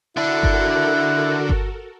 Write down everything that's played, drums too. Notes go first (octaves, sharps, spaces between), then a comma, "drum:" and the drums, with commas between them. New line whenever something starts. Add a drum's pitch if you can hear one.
D3 D4 E4 F#4 A4 A#4 F#5
drum: kick G1
drum: kick G1